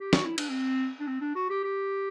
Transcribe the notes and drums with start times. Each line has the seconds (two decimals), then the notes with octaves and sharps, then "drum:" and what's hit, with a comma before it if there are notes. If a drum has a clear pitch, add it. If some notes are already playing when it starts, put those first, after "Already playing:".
0.00 G4
0.13 F#4, drum: snare
0.25 E4
0.38 D4, drum: cymbal
0.49 C4
1.00 D4
1.07 C4
1.21 D4
1.35 F#4
1.50 G4
1.64 G4